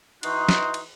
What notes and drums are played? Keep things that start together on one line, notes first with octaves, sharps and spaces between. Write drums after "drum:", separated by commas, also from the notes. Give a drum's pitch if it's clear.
E3 D#4 F#4 C6, drum: cymbal
drum: snare
drum: cymbal